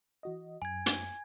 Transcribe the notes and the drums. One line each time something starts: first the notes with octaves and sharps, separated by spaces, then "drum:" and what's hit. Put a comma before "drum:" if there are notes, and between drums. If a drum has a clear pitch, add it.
E3 F#4 D#5
F#2 G#5 G#6
drum: hi-hat